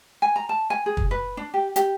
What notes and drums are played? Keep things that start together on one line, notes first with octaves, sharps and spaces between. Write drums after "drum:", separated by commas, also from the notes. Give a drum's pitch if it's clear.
G#5
A#5
A5
G#5
G#4
drum: kick
B4
D4
G4
G4, drum: hi-hat